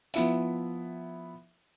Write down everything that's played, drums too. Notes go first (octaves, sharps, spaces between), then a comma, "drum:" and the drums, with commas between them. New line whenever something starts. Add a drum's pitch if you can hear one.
F3 B3 E4 E5, drum: tambourine